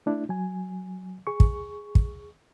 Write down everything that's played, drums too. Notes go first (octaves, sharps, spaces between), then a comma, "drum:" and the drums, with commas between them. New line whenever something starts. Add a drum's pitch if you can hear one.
A3 D4 E4
F#3 G#5
G#4 C#6
drum: kick
drum: kick